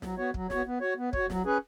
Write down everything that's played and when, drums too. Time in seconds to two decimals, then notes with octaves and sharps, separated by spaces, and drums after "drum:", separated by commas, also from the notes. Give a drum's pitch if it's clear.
0.02 F#3, drum: snare
0.17 B3 F#4 C#5
0.34 F#3, drum: kick
0.50 B3 F#4 C#5, drum: snare
0.66 B3
0.81 F#4 C#5
0.97 B3
1.13 F#4 C#5, drum: kick
1.30 F#3, drum: snare
1.45 C#4 G#4 B4